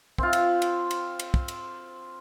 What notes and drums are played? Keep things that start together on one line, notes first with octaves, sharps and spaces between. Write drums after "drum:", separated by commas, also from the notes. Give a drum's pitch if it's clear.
C4 F4, drum: kick
drum: cymbal
drum: cymbal
drum: cymbal
drum: cymbal
drum: kick
drum: cymbal